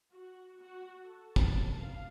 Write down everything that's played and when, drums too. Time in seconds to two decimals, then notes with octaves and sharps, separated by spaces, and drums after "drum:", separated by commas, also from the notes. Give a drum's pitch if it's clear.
0.12 F#4
0.61 F#4
1.05 A4
1.36 A5, drum: kick
1.78 F5